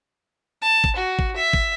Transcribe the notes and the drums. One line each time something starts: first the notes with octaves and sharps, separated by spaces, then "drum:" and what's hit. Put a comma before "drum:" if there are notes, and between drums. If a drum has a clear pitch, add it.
A5
drum: kick
F#4
drum: kick
E5
drum: kick